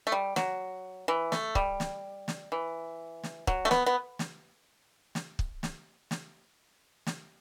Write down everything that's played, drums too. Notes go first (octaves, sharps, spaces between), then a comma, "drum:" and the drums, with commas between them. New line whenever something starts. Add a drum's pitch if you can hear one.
A3
G3
F#3, drum: snare
E3
A3, drum: snare
G3, drum: kick
drum: snare
drum: snare
E3
drum: snare
F#3, drum: kick
A3
B3, drum: snare
B3
drum: snare
drum: snare
drum: kick
drum: snare
drum: snare
drum: snare